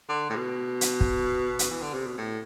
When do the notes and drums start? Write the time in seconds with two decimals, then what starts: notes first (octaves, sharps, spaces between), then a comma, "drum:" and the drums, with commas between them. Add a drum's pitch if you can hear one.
0.09 D3
0.30 A2
0.36 B2
0.81 drum: hi-hat
1.01 drum: kick
1.59 drum: hi-hat
1.70 E3
1.82 D3
1.94 C3
2.06 B2
2.18 A2